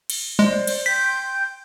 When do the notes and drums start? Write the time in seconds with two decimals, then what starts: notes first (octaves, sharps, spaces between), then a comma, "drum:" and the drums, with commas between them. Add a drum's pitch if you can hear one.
0.10 drum: cymbal
0.39 G#3 C5 D5
0.67 drum: cymbal
0.86 G5 C6 G6 B6